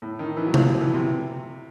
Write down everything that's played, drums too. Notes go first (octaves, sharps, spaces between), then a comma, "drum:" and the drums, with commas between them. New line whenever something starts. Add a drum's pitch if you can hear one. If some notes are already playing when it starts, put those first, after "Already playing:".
A2
D#3
E3
F#3
F3, drum: tom C3
F#3
E3
C3